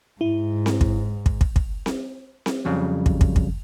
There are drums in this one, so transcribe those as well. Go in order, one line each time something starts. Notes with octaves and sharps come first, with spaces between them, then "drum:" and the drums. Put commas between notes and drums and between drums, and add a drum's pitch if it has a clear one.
G#2 E4
drum: snare C4
drum: kick
drum: kick
drum: kick
drum: kick
drum: snare C4
drum: snare C4
F2 C#3 F#3 G3
drum: kick
drum: kick
drum: kick